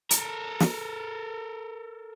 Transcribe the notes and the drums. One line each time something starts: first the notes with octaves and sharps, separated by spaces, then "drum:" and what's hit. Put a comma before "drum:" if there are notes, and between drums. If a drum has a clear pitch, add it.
A4 A#4, drum: hi-hat
drum: snare